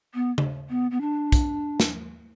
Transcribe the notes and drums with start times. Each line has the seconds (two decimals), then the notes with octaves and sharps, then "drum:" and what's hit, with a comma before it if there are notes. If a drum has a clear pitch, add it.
0.14 B3
0.38 drum: tom C#3
0.69 B3
0.91 B3
1.01 D4
1.32 drum: kick, hi-hat
1.80 drum: snare